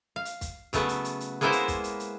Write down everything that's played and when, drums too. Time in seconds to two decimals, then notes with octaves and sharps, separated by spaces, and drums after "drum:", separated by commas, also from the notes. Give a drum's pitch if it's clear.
0.16 F5
0.25 drum: hi-hat
0.41 drum: kick, hi-hat
0.73 C#3 F#3 A3 B3, drum: kick, hi-hat
0.89 drum: hi-hat
1.05 drum: hi-hat
1.20 drum: hi-hat
1.41 G#3 A#3 B3 E4 A#4 C5
1.52 drum: hi-hat
1.68 drum: kick, hi-hat
1.84 drum: hi-hat
2.00 drum: hi-hat